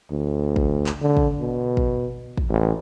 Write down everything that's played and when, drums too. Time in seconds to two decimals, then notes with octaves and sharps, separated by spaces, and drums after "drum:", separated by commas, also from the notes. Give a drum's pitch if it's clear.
0.11 D2
0.56 drum: kick
0.86 drum: clap
1.02 D3
1.17 drum: kick
1.40 B2
1.77 drum: kick
2.38 drum: kick
2.50 A1